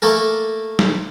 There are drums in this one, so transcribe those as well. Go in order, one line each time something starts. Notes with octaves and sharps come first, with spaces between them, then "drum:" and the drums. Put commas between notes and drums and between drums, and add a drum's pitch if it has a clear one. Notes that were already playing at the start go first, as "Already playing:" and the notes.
A3 A#3 A4 A#4
drum: snare